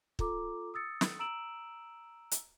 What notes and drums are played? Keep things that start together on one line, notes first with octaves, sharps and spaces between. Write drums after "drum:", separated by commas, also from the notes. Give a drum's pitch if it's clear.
F4 A4 A#5 D6, drum: kick
D#6 E6 A6 C#7
drum: snare
A#5 E6 D7 E7 F#7
drum: hi-hat